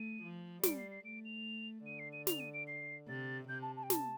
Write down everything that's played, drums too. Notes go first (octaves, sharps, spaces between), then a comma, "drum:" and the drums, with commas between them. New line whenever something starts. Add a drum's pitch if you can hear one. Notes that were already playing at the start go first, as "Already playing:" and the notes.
Already playing: A3 D#7
F3
G3 D7, drum: snare
C7
C7
A3 D7
F7
D3 D#7
C7
D#7
F7, drum: snare
D#7
D7
C7
C3 A6
C3 G6
A5
A5
G5
A5, drum: snare